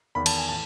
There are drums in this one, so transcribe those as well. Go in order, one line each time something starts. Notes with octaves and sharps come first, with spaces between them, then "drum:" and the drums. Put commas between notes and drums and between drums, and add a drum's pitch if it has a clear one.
E2 D#3 B5
A5, drum: cymbal
G#5
A2 E3 A5